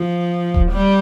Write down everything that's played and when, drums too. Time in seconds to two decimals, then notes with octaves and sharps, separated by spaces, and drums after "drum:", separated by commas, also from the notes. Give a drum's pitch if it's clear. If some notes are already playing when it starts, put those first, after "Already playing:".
Already playing: F3
0.54 drum: kick D#1
0.71 G3